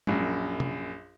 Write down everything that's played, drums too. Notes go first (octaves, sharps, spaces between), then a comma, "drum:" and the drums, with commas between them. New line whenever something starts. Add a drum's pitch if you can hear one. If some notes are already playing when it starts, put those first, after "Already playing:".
A#1 F#2, drum: tom G#3
drum: tom